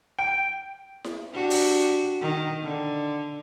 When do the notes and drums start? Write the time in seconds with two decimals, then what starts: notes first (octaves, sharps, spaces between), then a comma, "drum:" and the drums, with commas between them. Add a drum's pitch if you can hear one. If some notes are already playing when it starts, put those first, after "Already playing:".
0.19 G5
1.04 drum: snare E4
1.33 D4 F#4 G4
1.50 drum: open hi-hat
2.22 D#3
2.63 D3